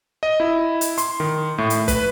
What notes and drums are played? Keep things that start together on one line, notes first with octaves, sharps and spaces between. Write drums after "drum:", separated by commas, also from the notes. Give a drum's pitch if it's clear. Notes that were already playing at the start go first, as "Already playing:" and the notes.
D#5
E4
drum: hi-hat
C6, drum: hi-hat
D#3
A2
drum: hi-hat
B4, drum: kick, hi-hat